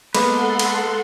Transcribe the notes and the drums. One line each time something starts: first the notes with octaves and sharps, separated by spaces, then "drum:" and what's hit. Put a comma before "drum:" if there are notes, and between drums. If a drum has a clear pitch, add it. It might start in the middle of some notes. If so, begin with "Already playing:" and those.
G#3 A#3 B3 A4 B4 F#5 C6, drum: cymbal
drum: cymbal